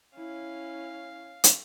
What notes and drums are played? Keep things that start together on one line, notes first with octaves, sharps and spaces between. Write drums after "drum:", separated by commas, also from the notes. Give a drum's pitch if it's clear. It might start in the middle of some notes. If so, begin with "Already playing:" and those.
C#4 E4 F5
drum: hi-hat